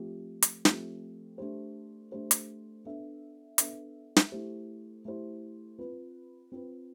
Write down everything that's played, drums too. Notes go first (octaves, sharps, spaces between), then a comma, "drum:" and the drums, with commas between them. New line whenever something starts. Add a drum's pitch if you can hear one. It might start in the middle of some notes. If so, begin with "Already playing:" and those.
Already playing: F3 A3 C4 G4
drum: hi-hat
F3 A3 C4 G4, drum: snare
A3 D4 G4 C5
A3 D4 G4 C5
drum: hi-hat
B3 D4 A4 E5
B3 D4 A4 E5, drum: hi-hat
drum: snare
A3 E4 G4 C5
A3 E4 G4 C5
C4 F4 B4
C4 F4 B4